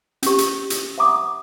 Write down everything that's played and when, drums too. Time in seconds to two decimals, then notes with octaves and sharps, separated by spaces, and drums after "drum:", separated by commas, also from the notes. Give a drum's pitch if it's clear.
0.23 C#4 G4, drum: hi-hat
0.38 drum: hi-hat
0.70 drum: hi-hat
0.98 E5 F#5 A#5 D6 D#6